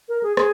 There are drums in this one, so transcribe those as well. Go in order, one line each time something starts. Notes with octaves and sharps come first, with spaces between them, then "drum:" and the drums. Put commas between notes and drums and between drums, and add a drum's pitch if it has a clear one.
A#4
G#4
G#4, drum: rim click